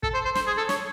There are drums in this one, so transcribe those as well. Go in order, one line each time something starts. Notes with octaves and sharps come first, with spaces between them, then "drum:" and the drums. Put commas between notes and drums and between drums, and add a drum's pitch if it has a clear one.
A4, drum: kick
C5
C5
C5, drum: snare
G#4
A4
C#5, drum: snare